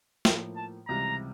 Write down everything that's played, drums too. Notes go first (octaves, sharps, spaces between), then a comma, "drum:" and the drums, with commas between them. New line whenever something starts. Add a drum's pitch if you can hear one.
A2 F3 A#3, drum: snare
A5
C#2 C3 E3 G3 A#5